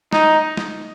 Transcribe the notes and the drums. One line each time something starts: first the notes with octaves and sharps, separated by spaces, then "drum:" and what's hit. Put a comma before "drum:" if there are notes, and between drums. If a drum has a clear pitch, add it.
D#4, drum: snare
drum: snare